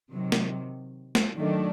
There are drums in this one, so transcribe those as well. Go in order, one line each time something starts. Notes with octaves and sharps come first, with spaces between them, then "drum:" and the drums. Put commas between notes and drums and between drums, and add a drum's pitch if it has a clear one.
C3 D#3 F#3
drum: snare
drum: snare
D#3 F#3 A3 D4